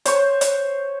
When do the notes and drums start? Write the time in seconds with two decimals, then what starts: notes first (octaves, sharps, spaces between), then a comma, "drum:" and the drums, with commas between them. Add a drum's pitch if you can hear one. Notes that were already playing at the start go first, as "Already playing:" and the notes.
0.05 C5 C#5, drum: hi-hat
0.41 drum: hi-hat